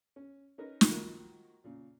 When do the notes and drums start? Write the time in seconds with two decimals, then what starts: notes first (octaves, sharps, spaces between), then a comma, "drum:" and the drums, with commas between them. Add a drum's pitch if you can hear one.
0.16 C#4
0.58 C#4 D#4 A#4 B4
0.81 drum: snare
0.90 D#3 F3 A#3 F4 F#4
1.64 A#2 C#3